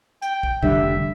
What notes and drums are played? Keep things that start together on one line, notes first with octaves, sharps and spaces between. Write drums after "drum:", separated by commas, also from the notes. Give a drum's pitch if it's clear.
G5, drum: hi-hat
drum: kick
F1 D3 G3 E5, drum: kick